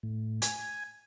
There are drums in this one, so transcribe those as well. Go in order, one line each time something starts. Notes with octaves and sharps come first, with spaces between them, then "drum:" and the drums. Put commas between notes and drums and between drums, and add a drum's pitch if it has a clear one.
A2
G#5, drum: hi-hat